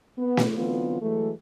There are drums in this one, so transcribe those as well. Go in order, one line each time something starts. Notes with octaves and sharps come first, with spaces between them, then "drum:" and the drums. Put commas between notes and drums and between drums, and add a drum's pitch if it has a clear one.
B3
drum: snare
D3 E3 F#3 B3 C4 F4
E3 F#3 G#3 A3